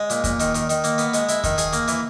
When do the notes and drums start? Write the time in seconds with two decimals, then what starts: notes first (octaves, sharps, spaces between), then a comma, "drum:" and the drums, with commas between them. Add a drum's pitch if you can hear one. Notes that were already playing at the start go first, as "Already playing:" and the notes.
Already playing: G#3
0.10 A#2, drum: hi-hat
0.24 A#2, drum: kick E2, hi-hat
0.40 D#3, drum: hi-hat
0.55 D#3, drum: hi-hat
0.69 D#3, drum: hi-hat
0.84 A#3, drum: hi-hat
0.98 B3, drum: hi-hat
1.14 G#3, drum: hi-hat
1.29 E4, drum: hi-hat
1.44 D#3, drum: kick E2, hi-hat
1.58 G#4, drum: hi-hat
1.73 A#3, drum: hi-hat
1.88 E3, drum: hi-hat